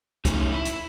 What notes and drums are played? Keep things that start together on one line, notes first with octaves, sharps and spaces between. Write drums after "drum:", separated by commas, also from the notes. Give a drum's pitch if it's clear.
A2 F#3 A3 C#4 D#4, drum: kick, hi-hat
E4
drum: hi-hat